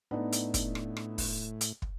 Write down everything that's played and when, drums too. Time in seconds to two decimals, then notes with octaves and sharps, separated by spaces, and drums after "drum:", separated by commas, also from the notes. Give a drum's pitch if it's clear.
0.11 A2 B3 D4 D#4
0.32 drum: hi-hat
0.54 drum: kick, hi-hat
0.75 drum: rim click
0.97 drum: rim click
1.18 drum: kick, open hi-hat
1.61 drum: hi-hat
1.82 drum: kick